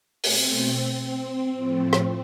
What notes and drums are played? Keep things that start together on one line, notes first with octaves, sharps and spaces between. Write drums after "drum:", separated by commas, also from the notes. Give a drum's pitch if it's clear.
B2 A3 C4, drum: open hi-hat
A2 F3 A3
drum: rim click